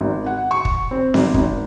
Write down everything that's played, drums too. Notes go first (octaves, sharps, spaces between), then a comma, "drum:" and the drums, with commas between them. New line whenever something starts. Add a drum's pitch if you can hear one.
G#1
F#5
C#6
drum: kick
C4
G#1, drum: snare B3
G#1, drum: kick